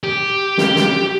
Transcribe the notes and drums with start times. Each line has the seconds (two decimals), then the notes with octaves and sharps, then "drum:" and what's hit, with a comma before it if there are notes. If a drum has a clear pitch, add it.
0.04 G4
0.58 drum: snare
0.76 drum: snare